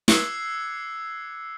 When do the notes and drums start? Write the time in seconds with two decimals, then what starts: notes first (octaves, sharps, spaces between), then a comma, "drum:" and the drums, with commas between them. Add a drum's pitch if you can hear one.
0.08 D6 E6 F#6 G#6 C7 C#7, drum: snare